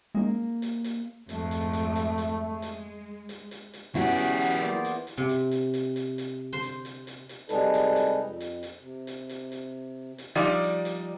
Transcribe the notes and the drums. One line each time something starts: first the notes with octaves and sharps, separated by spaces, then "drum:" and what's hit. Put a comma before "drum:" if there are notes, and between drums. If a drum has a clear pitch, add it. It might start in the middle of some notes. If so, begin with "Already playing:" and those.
G#3 A#3 C#4 D#4
drum: hi-hat
drum: hi-hat
F2 G#2 A3, drum: hi-hat
drum: hi-hat
drum: hi-hat
drum: hi-hat
drum: hi-hat
G#3
drum: hi-hat
drum: hi-hat
drum: hi-hat
drum: hi-hat
E2 F#3 B3 C#4 E4 F#4 G4, drum: hi-hat
drum: hi-hat
drum: hi-hat
A#3 C5 D5
drum: hi-hat
drum: hi-hat
C3
drum: hi-hat
drum: hi-hat
drum: hi-hat
drum: hi-hat
drum: hi-hat
C5
drum: hi-hat
drum: hi-hat
drum: hi-hat
drum: hi-hat
C3 G3 G#3 D#4 A4 B4, drum: hi-hat
drum: hi-hat
drum: hi-hat
F2
drum: hi-hat
drum: hi-hat
C3
drum: hi-hat
drum: hi-hat
drum: hi-hat
drum: hi-hat
F3 G3 D#4 D5
drum: hi-hat
drum: hi-hat